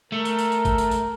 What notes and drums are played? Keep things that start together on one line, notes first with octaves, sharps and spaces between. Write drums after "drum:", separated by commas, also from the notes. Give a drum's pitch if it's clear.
A3 A#4
drum: tambourine
drum: tambourine
drum: tambourine
drum: kick G#1, tambourine
drum: tambourine
drum: tambourine